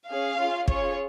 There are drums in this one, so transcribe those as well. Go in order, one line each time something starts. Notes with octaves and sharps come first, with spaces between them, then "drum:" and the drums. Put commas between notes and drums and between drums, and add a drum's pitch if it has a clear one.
C#4 G#4 F5
C#4 F4 G#4
C#4 F4 G#4 C#5, drum: kick